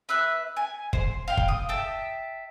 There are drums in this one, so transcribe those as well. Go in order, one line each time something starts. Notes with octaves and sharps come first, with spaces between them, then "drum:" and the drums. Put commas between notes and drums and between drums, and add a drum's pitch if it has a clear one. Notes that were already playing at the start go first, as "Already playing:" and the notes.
B4 E5 F#6
G#5
C5, drum: kick
F5 G5
drum: kick
D#6
E5 G5 A5